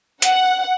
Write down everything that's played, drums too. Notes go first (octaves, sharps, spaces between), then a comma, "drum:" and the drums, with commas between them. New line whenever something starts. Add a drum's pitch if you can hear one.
F#5, drum: hi-hat